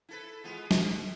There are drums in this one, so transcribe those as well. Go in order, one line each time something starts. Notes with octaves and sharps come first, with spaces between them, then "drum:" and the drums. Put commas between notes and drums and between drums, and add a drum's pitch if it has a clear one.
E4 A4 B4
G#3 B3 F4
B2, drum: snare